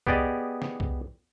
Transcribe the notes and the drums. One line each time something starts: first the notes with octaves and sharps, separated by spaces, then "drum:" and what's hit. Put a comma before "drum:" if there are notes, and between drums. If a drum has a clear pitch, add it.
B3 G4 G#4 D5 D#5, drum: kick C2
drum: snare
drum: kick C2